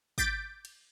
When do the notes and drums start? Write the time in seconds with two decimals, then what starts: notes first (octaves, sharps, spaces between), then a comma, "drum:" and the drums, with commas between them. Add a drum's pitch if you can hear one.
0.18 D6 G6 A6 B6 D7, drum: kick G#1
0.65 drum: cymbal